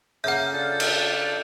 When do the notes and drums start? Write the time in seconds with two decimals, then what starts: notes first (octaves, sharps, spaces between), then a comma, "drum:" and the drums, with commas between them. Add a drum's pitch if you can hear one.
0.24 C#3 A#3 E5 F#5 G6
0.53 D4 F4 A4
0.80 drum: cymbal